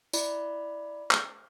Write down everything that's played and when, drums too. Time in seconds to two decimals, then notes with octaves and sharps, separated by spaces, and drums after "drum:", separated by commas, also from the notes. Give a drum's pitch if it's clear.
0.13 E4 D5 B5, drum: tambourine
1.11 drum: clap